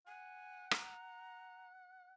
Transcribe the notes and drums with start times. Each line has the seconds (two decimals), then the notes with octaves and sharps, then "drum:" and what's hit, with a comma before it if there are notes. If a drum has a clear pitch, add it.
0.07 F#5 G#5
0.71 A#5, drum: rim click